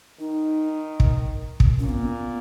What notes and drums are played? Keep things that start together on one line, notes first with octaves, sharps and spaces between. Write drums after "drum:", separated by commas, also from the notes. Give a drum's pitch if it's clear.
D#3 D#4
drum: kick
drum: kick
A#2 C#4
B3
A#3
B3